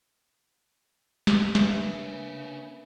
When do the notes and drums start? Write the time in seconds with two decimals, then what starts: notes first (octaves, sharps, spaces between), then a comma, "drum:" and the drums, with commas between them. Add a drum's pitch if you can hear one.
1.27 drum: snare
1.55 C#3 A#3 D4 B4 C#5 E5, drum: snare